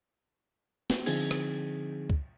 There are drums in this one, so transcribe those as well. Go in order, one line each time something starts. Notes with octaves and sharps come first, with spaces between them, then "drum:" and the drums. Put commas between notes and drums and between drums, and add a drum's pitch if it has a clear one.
drum: snare
D3 F3 C4 D#4 G#4 G#6, drum: cymbal
drum: rim click
drum: kick C#2